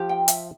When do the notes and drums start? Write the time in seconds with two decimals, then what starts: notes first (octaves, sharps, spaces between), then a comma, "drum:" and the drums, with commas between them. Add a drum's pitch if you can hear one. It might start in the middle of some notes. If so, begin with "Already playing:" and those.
Already playing: F3 G4
0.09 G5
0.28 E5, drum: hi-hat